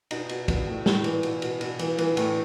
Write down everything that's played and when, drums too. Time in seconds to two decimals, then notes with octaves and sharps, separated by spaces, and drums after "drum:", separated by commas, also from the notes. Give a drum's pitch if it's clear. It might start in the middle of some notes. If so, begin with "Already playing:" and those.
0.11 B2 D#4, drum: cymbal
0.29 B2, drum: cymbal
0.48 B2, drum: kick, cymbal
0.67 A2
0.86 A2, drum: snare
1.04 E3, drum: cymbal
1.23 B2, drum: cymbal
1.42 B2, drum: cymbal
1.61 B2, drum: cymbal
1.79 E3, drum: cymbal
1.98 E3, drum: cymbal
2.17 A2, drum: cymbal